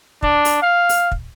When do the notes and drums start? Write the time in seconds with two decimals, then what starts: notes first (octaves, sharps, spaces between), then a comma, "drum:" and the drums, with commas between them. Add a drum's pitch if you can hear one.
0.22 D4, drum: kick
0.45 drum: open hi-hat
0.62 F5
0.89 drum: open hi-hat
1.12 drum: kick